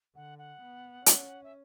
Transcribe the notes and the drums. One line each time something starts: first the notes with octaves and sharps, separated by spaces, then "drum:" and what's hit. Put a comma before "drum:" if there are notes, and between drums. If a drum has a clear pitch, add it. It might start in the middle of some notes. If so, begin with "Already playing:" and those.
D3 F#5
F#5
B3
C#4, drum: hi-hat
E5